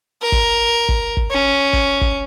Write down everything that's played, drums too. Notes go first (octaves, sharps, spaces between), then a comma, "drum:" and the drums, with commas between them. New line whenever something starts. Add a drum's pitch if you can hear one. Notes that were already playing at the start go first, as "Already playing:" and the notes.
A#4
drum: kick
drum: kick
drum: kick
C#4
drum: kick
drum: kick